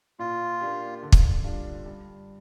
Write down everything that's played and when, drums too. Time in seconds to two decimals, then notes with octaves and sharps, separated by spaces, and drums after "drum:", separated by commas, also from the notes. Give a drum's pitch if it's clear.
0.19 A#2 F4
0.60 A#3 D4 G4
1.03 D3
1.12 drum: kick
1.43 G3 D4 F4
1.86 G2